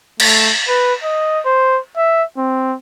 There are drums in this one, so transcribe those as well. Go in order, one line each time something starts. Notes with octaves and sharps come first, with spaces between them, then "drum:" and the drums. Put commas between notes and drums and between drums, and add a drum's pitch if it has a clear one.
A3, drum: cymbal
B4
D#5
C5
E5
C4